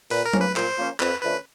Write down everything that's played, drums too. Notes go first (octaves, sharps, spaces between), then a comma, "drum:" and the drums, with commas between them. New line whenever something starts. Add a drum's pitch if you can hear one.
A#2 B4, drum: open hi-hat
A#4
F3 A#3 C#4, drum: tom F#3
B4
A#2 C5, drum: clap
F3 A#3 C#4
F2 B4, drum: clap
D3 F3 A3 C#4 B4